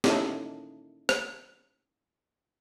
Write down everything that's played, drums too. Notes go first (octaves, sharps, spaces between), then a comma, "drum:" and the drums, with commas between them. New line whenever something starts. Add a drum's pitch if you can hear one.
A#3 C#4 D#4 E4 A4 D#5, drum: snare
drum: rim click